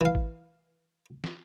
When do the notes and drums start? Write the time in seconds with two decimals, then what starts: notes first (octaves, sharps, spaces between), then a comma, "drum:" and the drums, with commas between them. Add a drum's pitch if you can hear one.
0.01 E3 F5
0.15 drum: kick A1
1.24 drum: snare